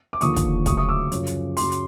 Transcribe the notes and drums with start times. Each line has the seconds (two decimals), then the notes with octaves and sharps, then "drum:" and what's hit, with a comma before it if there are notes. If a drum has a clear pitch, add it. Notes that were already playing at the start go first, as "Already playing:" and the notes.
0.13 D6
0.21 D#2 D3 F3 C#6 D#6, drum: hi-hat
0.36 drum: kick, hi-hat
0.66 D2 C#3 F#3 C#6 D#6, drum: kick, hi-hat
0.77 C#6 D#6
0.89 D6 E6
1.12 F#2 C#3 F3, drum: hi-hat
1.27 drum: hi-hat
1.57 F#2 C#3 F#3 C6 D6, drum: open hi-hat
1.72 drum: hi-hat